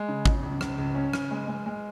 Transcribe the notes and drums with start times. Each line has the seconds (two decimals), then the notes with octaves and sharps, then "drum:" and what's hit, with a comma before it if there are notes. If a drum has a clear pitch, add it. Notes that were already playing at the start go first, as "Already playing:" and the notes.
Already playing: G#3
0.09 C#3
0.25 C#3, drum: kick
0.43 C#2
0.61 C#2, drum: rim click
0.78 C#2
0.95 C#4
1.13 C#3, drum: rim click
1.31 G#3
1.47 G#3
1.66 G#3